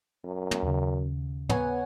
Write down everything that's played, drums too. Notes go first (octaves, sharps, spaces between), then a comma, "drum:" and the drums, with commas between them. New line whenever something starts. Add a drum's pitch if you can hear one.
F#2
drum: tom
D#2 C#3
B3 C#5 F#5 G#5, drum: tom